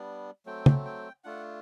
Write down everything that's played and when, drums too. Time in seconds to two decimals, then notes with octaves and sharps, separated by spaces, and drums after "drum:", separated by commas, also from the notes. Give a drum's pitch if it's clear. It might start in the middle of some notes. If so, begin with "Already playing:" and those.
Already playing: G3 B3 D4
0.46 F#3 A3 C4 G5
0.66 drum: tom
0.85 G5
1.24 A3 D4 F4 F#5